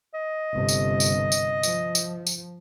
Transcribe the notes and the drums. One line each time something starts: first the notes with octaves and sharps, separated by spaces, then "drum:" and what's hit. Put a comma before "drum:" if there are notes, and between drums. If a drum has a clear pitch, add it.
D#5
G1 C3
drum: tambourine
drum: tambourine
drum: tambourine
F3, drum: tambourine
drum: tambourine
drum: tambourine